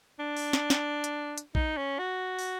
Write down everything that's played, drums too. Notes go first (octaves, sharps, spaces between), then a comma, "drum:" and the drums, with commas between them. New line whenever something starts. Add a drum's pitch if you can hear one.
D4
drum: open hi-hat
drum: snare
drum: snare
drum: hi-hat
drum: hi-hat
D#4, drum: kick
C#4
F#4
drum: open hi-hat